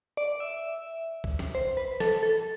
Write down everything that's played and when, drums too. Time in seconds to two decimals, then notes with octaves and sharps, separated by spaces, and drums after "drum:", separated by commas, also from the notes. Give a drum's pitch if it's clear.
0.17 D5
0.40 E5
1.24 drum: kick C2
1.39 drum: snare
1.55 C5
1.77 B4
2.00 A4, drum: snare
2.23 A4